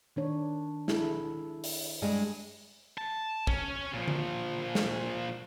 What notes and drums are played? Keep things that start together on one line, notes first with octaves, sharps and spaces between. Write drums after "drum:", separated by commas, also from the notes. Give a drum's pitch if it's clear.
D#3 D4 C#5
E4 G#4 A4, drum: snare
drum: open hi-hat
G2 G3 G#3
A5
C#4, drum: kick A#1
A#2 F3
drum: tom D3
drum: snare